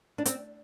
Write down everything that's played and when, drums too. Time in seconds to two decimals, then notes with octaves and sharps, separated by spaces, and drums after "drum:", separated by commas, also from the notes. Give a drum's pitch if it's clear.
0.18 D4
0.25 C4, drum: hi-hat